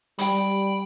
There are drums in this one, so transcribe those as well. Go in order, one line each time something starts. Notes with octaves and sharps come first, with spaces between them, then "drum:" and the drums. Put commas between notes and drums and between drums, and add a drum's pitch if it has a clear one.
G3 G5 B5, drum: hi-hat